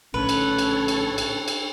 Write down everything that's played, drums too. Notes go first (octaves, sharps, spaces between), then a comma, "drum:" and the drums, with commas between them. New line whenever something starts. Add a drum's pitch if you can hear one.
A#1 A2 D3 C#4 A4 B4 C#5
drum: cymbal
drum: cymbal
drum: cymbal
drum: cymbal
drum: cymbal